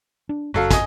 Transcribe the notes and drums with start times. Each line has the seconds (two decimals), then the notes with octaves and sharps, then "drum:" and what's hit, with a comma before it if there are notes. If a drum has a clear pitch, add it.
0.29 D4
0.54 F#1 F#2 F#3 A4 F5
0.71 D#5 G#5, drum: kick, hi-hat